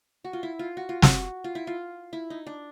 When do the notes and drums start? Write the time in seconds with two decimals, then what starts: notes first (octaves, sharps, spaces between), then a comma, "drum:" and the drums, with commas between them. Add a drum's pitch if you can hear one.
0.24 F#4
0.33 F4
0.43 E4
0.59 F4
0.77 F#4
0.89 F4
1.02 F#4, drum: snare
1.44 F4
1.55 E4
1.67 F4
2.13 E4
2.30 D#4
2.47 D4